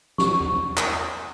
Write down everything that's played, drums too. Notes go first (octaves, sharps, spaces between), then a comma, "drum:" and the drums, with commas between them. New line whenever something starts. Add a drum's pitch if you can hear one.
C#6, drum: snare
drum: tom E2
drum: clap